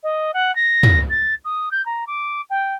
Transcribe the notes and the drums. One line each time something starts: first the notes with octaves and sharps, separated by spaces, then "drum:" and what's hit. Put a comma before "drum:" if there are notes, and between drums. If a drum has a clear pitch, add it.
D#5
F#5
A#6
drum: tom
A6
D#6
G6
A#5
D6
G5